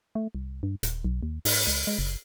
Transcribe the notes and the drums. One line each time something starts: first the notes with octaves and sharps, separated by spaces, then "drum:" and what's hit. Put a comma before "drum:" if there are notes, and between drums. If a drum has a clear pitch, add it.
A3
C2
G2
D#1, drum: hi-hat
B1
D#2
G#2, drum: open hi-hat
C#2
G#3
F#1